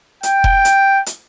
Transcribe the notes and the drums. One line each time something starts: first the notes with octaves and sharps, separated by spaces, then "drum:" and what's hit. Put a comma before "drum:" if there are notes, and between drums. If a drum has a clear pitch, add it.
G5, drum: hi-hat
drum: kick F1
drum: hi-hat
drum: hi-hat